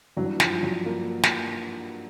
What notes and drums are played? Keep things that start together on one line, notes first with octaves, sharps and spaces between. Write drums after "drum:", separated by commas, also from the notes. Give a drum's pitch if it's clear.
G2 E3 F#3
F3, drum: snare
F#3
A#3
drum: snare